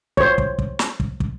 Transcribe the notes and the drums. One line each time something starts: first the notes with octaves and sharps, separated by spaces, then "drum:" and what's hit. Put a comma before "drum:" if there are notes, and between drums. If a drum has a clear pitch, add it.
C5 C#5, drum: kick
drum: kick
drum: kick
drum: snare
drum: kick
drum: kick